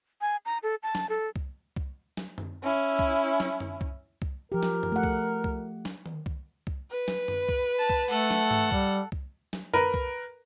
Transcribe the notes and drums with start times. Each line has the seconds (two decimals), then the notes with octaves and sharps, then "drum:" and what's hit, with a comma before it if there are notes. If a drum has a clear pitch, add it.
0.21 G#5
0.46 A#5
0.63 A4
0.83 A5
0.95 drum: snare
1.09 A4
1.36 drum: kick C2
1.76 drum: kick C2
2.17 drum: snare
2.38 drum: tom F#2
2.63 C#4 E4
2.99 drum: kick C2
3.40 drum: snare
3.60 drum: tom F#2
3.81 drum: kick C2
4.22 drum: kick C2
4.52 F3 G4 A#4
4.63 drum: snare
4.83 drum: tom F#2
4.92 A3 F#5
5.03 drum: kick C2
5.44 drum: kick C2
5.85 drum: snare
6.06 drum: tom D#3
6.26 drum: kick C2
6.67 drum: kick C2
6.91 B4
7.08 drum: snare
7.28 drum: tom F#2
7.49 drum: kick C2
7.79 A5
7.90 drum: kick C2
8.10 A3 A4 F#5
8.30 drum: snare
8.51 drum: tom G#2
8.71 G3, drum: kick C2
9.12 drum: kick C2
9.53 drum: snare
9.73 A#4 B4, drum: tom F#2
9.94 drum: kick C2